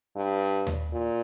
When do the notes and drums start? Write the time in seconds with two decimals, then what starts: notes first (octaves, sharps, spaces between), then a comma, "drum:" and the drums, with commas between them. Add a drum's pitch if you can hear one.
0.16 G2
0.67 drum: tom D#2
0.92 A#2